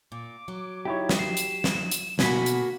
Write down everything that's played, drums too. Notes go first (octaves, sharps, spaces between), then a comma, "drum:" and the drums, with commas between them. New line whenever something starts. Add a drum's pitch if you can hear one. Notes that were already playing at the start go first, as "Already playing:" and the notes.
A#2 D6
F#3
D#4 E4 G4 C#5
drum: snare
C7 E7
drum: hi-hat
drum: snare
drum: hi-hat
B2 D3 A#3 F#4 G#5 B5 B6, drum: snare
drum: hi-hat